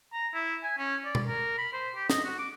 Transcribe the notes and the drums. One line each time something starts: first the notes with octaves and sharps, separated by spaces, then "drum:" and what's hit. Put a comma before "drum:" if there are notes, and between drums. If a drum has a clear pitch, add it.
A#5
E4
G#5
C#4
D5
drum: tom B2
A#4
B5
C5
G4
D#5, drum: snare
F#4
D6